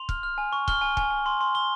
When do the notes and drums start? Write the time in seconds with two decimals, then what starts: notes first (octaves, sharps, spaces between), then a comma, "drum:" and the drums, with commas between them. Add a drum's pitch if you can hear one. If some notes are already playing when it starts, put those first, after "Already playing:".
Already playing: C6 F7
0.09 F6, drum: kick
0.23 F6
0.38 G#5
0.53 C#6
0.68 F6 G7, drum: kick
0.81 G#5
0.97 G#5, drum: kick
1.11 G#5
1.26 C6
1.41 C6
1.55 C6 G7